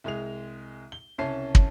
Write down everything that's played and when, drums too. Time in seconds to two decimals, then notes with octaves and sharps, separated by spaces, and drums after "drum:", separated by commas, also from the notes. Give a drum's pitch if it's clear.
0.04 C2 G#3 G#4 F7
0.92 G7
1.18 C2 C#3 C#4 C#5 A5 C7
1.55 drum: kick